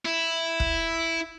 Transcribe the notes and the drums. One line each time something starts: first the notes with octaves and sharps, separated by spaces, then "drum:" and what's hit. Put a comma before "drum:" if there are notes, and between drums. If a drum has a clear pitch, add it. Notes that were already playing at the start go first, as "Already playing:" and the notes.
E4
drum: kick